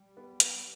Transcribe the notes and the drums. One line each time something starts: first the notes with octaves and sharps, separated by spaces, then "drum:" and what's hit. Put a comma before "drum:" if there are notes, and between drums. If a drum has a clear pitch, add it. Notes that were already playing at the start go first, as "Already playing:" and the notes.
Already playing: G3
B3
B3, drum: hi-hat